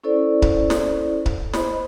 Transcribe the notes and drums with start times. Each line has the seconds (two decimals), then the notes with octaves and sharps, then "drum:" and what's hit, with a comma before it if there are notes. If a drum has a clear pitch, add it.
0.03 C#4 E4 A4 C5 D5
0.42 drum: kick C#1
0.70 drum: snare
1.26 drum: kick C#1
1.53 C5 D#5 B5, drum: snare